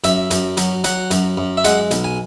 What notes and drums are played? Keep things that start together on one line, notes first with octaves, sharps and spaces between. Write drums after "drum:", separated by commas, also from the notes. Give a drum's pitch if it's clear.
F#2 E5, drum: hi-hat
F#2, drum: hi-hat
F#3, drum: hi-hat
F#3 F#5, drum: hi-hat
F#2, drum: hi-hat
F#2
E5
G#3 F#5, drum: hi-hat
B1, drum: hi-hat
G#5